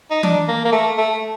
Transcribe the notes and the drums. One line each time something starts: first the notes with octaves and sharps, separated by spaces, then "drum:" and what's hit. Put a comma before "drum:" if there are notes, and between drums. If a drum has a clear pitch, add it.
D#4
D4, drum: tom E3
A#3
A#3
A3
A3